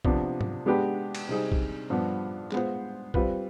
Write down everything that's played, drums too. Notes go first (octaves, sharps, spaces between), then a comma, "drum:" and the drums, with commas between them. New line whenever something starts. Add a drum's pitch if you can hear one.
C3 F3 B3 D4, drum: kick
drum: tom
G#3 B3 D4 G4 B4
drum: cymbal
C3 G3 C4 D#4 G#4
drum: kick
G2 F3 B3 D4
G#3 B3 F4 C5, drum: clap
G3 C4 F4 B4, drum: kick